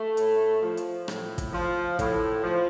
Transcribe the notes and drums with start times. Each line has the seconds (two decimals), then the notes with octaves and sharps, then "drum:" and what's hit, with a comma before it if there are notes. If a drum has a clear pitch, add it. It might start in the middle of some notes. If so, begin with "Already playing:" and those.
Already playing: A3
0.17 A2, drum: hi-hat
0.62 F3
0.77 drum: hi-hat
1.08 A2, drum: rim click
1.38 drum: kick, hi-hat
1.53 F3
1.99 A2, drum: kick, hi-hat
2.44 F3